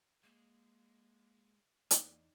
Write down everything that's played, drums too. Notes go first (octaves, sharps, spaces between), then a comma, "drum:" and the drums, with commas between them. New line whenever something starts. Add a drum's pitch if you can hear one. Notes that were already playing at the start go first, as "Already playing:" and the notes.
G#3 A#3
E2 A#3 D#4 D5, drum: hi-hat